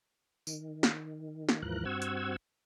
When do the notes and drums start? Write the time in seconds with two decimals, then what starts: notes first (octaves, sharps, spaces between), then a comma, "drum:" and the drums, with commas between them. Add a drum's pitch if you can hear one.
0.47 D#3, drum: tambourine
0.83 drum: snare
1.49 drum: snare
1.62 D#2 G#2 E3 F3 A#4 F#6
1.85 G2 C4 F#4 F#5 E6 G#6
2.02 drum: hi-hat